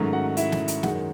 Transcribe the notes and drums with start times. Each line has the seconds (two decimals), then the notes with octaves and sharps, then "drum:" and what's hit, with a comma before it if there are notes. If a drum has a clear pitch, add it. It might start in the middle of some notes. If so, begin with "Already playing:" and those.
Already playing: G#2 D#3 F#3 A3 C#4
0.13 F#4 F#5
0.37 E4 E5, drum: hi-hat
0.52 drum: snare
0.68 drum: hi-hat
0.83 F#2 D#3 G#3 F#4 F#5, drum: snare